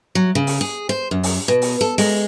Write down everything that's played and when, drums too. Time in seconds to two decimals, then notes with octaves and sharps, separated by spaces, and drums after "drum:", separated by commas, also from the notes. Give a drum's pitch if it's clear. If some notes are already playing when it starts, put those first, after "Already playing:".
0.15 F#3
0.35 C#3
0.47 drum: open hi-hat
0.61 G#4
0.89 C5
1.11 F#2
1.23 drum: open hi-hat
1.48 B2
1.62 drum: open hi-hat
1.81 A4
1.98 G#3, drum: open hi-hat